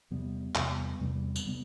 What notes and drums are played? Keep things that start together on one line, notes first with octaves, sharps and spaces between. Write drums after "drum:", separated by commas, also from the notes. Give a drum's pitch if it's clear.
E2 C3 G3 B3
E2 C3 G3 B3, drum: clap
E2 C3 G3 B3
drum: tambourine
C3 G3 B3